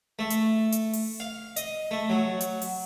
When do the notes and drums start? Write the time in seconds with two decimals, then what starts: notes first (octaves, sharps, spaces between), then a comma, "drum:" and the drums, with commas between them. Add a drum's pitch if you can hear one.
0.19 A3
0.30 drum: hi-hat
0.72 drum: hi-hat
0.93 drum: open hi-hat
1.20 F5
1.56 D#5, drum: hi-hat
1.91 A3
2.10 F#3
2.41 drum: hi-hat
2.62 drum: open hi-hat